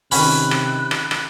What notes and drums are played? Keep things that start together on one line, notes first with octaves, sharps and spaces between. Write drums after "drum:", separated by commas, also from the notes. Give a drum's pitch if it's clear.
C3 D#3 C#4 B5 F#6, drum: open hi-hat
drum: rim click
drum: rim click
drum: rim click